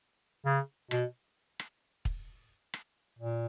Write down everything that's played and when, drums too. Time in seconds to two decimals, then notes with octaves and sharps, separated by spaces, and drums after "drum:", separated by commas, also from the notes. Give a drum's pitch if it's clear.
0.46 C#3
0.91 B2, drum: rim click
1.60 drum: rim click
2.05 drum: kick
2.74 drum: rim click
3.19 A#2